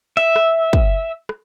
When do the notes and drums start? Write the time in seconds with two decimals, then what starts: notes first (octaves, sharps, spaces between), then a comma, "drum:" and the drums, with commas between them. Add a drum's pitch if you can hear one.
0.17 E5
0.36 drum: rim click
0.73 drum: kick
1.29 drum: rim click